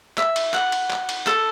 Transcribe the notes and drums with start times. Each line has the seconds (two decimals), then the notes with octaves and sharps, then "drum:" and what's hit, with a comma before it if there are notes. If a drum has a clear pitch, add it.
0.18 E5, drum: clap
0.36 drum: cymbal
0.54 F#5, drum: clap
0.72 drum: cymbal
0.91 drum: clap
1.09 drum: cymbal
1.27 A4, drum: clap